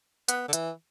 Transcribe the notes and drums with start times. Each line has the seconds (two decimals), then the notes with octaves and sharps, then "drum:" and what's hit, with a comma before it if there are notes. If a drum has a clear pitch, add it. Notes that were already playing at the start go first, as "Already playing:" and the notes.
0.29 B3, drum: hi-hat
0.48 D3
0.53 E3, drum: hi-hat